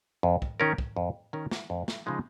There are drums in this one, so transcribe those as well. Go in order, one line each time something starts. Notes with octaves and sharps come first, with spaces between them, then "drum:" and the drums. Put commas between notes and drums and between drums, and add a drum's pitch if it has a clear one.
F2
drum: kick
D#3 C#4 A#4
drum: kick
F2
D#3 C#4 A#4
drum: snare
F2
drum: snare
C#3 F3 G#3 D#4